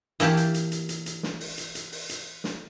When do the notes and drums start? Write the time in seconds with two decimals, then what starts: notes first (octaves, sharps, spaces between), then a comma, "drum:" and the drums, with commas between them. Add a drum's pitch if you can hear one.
0.20 E3 A#3 E4 G4 A5, drum: hi-hat
0.37 drum: hi-hat
0.54 drum: hi-hat
0.72 drum: hi-hat
0.89 drum: hi-hat
1.06 drum: hi-hat
1.23 drum: snare
1.41 drum: open hi-hat
1.58 drum: hi-hat
1.75 drum: hi-hat
1.92 drum: open hi-hat
2.09 drum: hi-hat
2.44 drum: snare